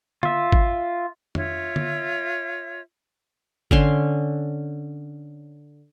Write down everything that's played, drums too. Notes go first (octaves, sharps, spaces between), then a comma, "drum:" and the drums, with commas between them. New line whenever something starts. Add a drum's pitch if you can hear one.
F4 E5, drum: tom D3
drum: kick G#1
F4 C#5 E5, drum: tom F2
drum: tom D3
D3 C#4 C6, drum: kick G#1